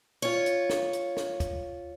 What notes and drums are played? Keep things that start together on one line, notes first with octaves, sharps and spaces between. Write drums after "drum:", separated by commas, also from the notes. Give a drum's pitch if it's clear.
F4 C#5
drum: hi-hat
drum: snare
drum: hi-hat
drum: snare
drum: kick, hi-hat